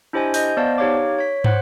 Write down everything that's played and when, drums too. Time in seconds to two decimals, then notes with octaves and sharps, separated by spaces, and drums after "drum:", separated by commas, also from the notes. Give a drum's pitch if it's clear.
0.13 D4 E4 G4 C5 D#5 G#5
0.34 D#5 G6, drum: open hi-hat
0.57 B3 C5 D5 F5 A5
0.78 D#4 G4 C#5 F5 D6
1.18 C#5 B6
1.44 C5 F#5 F#6, drum: tom